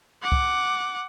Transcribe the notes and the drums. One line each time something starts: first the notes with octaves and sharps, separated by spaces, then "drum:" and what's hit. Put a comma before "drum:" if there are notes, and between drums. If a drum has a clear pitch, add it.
F#5 D6
drum: kick C2